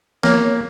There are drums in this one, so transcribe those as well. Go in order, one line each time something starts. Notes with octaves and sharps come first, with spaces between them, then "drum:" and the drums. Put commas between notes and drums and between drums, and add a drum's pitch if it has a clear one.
A#3 C#5, drum: snare